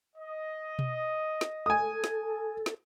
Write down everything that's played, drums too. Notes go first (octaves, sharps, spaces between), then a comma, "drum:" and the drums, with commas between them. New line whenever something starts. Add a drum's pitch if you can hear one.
D#5
drum: tom B2
drum: snare
A4 G#5 D#6
drum: snare
drum: snare